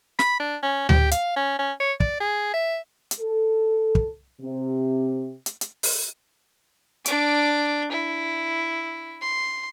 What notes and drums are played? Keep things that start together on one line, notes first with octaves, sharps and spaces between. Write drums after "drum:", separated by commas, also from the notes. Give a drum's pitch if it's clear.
B5, drum: snare
D4
C#4
G4, drum: tom D2
F5, drum: hi-hat
C#4
C#4
C#5
D5, drum: kick
G#4
E5
drum: hi-hat
A4
drum: kick
C3
drum: hi-hat
drum: hi-hat
drum: open hi-hat
D4 D6, drum: hi-hat
E4
C6